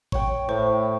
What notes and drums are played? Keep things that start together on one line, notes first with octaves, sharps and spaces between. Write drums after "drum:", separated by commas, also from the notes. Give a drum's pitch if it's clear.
C#5 G5, drum: kick A1
A2 C5 C#6